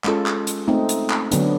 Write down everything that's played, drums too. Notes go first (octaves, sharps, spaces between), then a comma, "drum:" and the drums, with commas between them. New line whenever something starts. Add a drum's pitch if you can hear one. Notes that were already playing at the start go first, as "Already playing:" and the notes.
G#3 C#4 F4 A4, drum: clap
drum: clap
drum: hi-hat
A3 C4 D#4
drum: hi-hat
drum: clap
D3 F#3 B3 D4, drum: hi-hat